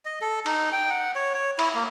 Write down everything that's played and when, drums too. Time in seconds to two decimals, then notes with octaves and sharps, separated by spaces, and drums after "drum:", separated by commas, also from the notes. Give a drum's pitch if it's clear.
0.05 D#5
0.22 A4
0.46 D#4, drum: cymbal
0.72 G5
0.90 F#5
1.15 C#5
1.34 C#5
1.59 E4, drum: cymbal
1.75 A#3